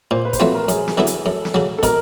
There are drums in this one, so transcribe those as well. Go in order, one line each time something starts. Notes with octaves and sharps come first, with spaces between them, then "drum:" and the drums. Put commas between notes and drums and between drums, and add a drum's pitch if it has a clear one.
A#2 C5
B4
C5, drum: kick, hi-hat
F#3 A3 C4 F4 B4
A#4
F#2 G#4, drum: hi-hat
drum: snare
D3 F#3 B3 E4
drum: hi-hat
F#2 A4
drum: snare
C#3 F#3
A4
B2 A#4, drum: kick, hi-hat